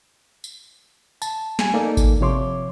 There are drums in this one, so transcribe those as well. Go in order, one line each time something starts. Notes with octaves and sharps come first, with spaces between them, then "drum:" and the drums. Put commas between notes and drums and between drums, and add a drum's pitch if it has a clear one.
drum: tambourine
A5, drum: tambourine
G3 G#5, drum: snare
A#3 D#4 A4 A#4 D5
drum: kick G#1, tambourine
C3 F3 C#5 C6 D6